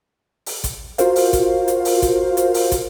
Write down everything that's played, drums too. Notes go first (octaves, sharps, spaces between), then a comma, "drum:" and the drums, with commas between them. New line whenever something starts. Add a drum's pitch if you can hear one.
drum: open hi-hat
drum: kick, hi-hat
F4 F#4 A#4 C5 F5, drum: hi-hat
drum: open hi-hat
drum: kick, hi-hat
drum: hi-hat
drum: open hi-hat
drum: kick, hi-hat
drum: hi-hat
drum: open hi-hat
drum: kick, hi-hat